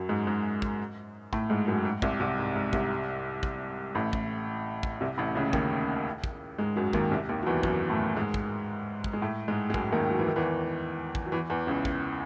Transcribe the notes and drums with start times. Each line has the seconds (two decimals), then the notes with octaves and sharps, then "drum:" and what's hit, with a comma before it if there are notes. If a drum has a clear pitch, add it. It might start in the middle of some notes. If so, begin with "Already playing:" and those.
Already playing: F#2 F#3
0.09 G#2 G#3
0.27 G#2 G#3
0.62 drum: kick
1.33 A2 A3, drum: kick
1.50 G#2 G#3
1.67 F#2 F#3
1.85 G#2
2.02 C2 C3, drum: kick
2.20 C2 C3
2.38 G#2
2.56 G#2
2.73 C2 C3, drum: kick
3.43 drum: kick
3.95 A1 A2
4.13 drum: kick
4.83 drum: kick
5.01 C2 C3
5.18 A1 A2
5.35 C#2 C#3
5.49 C#3
5.53 D#2 D#3, drum: kick
6.24 drum: kick
6.58 G#2 G#3
6.76 F#2 F#3
6.93 D#2 D#3, drum: kick
7.11 C2 C3
7.29 D#2 D#3
7.43 F#3
7.46 E2 E3
7.63 F#2 F#3, drum: kick
7.90 A2 A3
8.16 G#2 G#3
8.34 drum: kick
9.04 drum: kick
9.13 G#3
9.22 A2 A3
9.48 G#2 G#3
9.70 G#3
9.74 F#2 F#3, drum: kick
9.92 D#2 D#3
10.10 F#3
10.19 E3
10.28 D#3
10.36 E2 E3
11.15 drum: kick
11.26 F#3
11.32 E2 E3
11.50 E2 E3
11.67 C#2 C#3
11.85 drum: kick